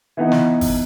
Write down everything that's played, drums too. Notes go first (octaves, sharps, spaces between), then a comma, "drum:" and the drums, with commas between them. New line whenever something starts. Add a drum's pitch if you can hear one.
E3 B3 D#4
drum: snare
drum: kick, open hi-hat